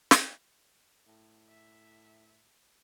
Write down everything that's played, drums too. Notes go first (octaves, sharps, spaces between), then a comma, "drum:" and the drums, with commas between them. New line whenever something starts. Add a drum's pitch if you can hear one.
drum: snare
A2
E5